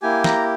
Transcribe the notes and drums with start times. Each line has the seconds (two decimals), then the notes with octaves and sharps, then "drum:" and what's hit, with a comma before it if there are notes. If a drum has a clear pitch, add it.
0.02 A#3 E4 G4 G#5
0.24 A#5, drum: snare